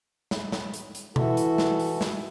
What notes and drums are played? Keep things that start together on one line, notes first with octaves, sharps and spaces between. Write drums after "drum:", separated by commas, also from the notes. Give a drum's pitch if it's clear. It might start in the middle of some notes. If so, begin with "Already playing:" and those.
drum: snare
drum: snare
drum: hi-hat
drum: hi-hat
E3 E4 F#4 A4, drum: tom B2
drum: hi-hat
drum: snare
drum: open hi-hat
drum: snare